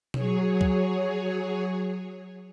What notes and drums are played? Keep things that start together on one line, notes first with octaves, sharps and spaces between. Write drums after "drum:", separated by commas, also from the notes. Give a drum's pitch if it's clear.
F#3 G#4 C#5, drum: tom B2
drum: kick